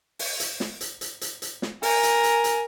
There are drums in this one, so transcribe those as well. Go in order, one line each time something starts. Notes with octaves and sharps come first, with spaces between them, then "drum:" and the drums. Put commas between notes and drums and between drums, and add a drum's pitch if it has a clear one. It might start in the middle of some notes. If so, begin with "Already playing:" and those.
drum: open hi-hat
drum: hi-hat
drum: snare
drum: hi-hat
drum: hi-hat
drum: hi-hat
drum: hi-hat
drum: snare
A#4 G#5, drum: open hi-hat
drum: hi-hat
drum: hi-hat
drum: hi-hat